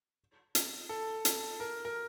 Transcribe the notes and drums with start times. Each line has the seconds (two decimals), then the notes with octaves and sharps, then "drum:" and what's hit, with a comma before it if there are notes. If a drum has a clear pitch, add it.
0.55 drum: hi-hat
0.89 A4
1.25 drum: hi-hat
1.60 A#4
1.85 A#4